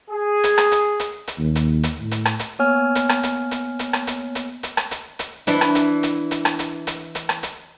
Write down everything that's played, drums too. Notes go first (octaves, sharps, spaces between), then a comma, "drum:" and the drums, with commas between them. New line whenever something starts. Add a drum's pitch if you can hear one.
G#4
drum: hi-hat
drum: rim click
drum: hi-hat
drum: hi-hat
drum: hi-hat
D#2
drum: hi-hat
drum: hi-hat
A2
drum: hi-hat
drum: rim click
drum: hi-hat
A#3 B3 C#5 G#5 F6
drum: hi-hat
drum: rim click
drum: hi-hat
drum: hi-hat
drum: hi-hat
drum: rim click
drum: hi-hat
drum: hi-hat
drum: hi-hat
drum: rim click
drum: hi-hat
drum: hi-hat
E3 D4 E4, drum: hi-hat
drum: rim click
drum: hi-hat
drum: hi-hat
drum: hi-hat
drum: rim click
drum: hi-hat
drum: hi-hat
drum: hi-hat
drum: rim click
drum: hi-hat